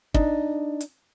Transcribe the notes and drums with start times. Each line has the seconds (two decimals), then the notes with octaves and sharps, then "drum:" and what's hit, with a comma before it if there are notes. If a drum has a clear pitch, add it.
0.14 D4 D#4, drum: kick
0.81 drum: hi-hat